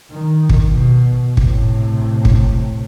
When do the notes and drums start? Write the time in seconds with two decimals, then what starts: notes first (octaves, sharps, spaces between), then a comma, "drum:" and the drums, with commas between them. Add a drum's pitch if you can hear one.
0.11 D#3
0.49 drum: kick
0.70 B2
1.37 A2 C3, drum: kick
2.25 drum: kick